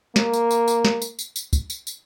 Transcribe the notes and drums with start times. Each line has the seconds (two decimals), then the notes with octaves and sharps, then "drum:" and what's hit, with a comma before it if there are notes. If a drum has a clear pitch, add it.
0.16 A#3, drum: snare
0.34 drum: tambourine
0.51 drum: tambourine
0.68 drum: tambourine
0.85 drum: snare
1.02 drum: tambourine
1.19 drum: tambourine
1.36 drum: tambourine
1.53 drum: kick, tambourine
1.70 drum: tambourine
1.87 drum: tambourine